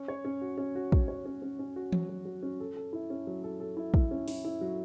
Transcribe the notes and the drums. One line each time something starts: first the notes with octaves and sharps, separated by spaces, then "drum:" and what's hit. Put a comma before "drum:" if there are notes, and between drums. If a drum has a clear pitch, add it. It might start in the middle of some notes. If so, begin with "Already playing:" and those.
Already playing: C#4
C#5
C#4
F#4
C#4
F#4
F#4, drum: kick
C#5
C#4
C#4
C#4
F#4
F#3, drum: tom E3
F#3
F#3
C#4
A4
A4
E4
C#4
F#3
A4
A4
E4
E4, drum: kick
C#4
E4, drum: open hi-hat
E4
F#3